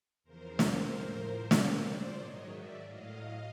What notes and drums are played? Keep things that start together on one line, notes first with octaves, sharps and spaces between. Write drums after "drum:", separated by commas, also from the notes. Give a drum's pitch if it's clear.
E2 C#3 F3 A#4 C5
drum: snare
A2 F3
A#2 F#3 C5 D5, drum: snare
G#2 D#3 F#3 C#5 D#5
D5 E5
A2 F#3 D#5 F5